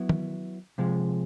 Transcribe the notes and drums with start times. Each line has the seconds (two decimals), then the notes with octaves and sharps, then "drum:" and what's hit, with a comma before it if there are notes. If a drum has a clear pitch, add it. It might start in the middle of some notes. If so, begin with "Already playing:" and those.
Already playing: F#3 B3 E4
0.09 drum: tom
0.78 C3 F3 G#3